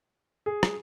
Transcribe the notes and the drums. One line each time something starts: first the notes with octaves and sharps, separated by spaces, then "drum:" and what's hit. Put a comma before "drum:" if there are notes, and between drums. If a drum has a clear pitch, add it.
G#4
drum: rim click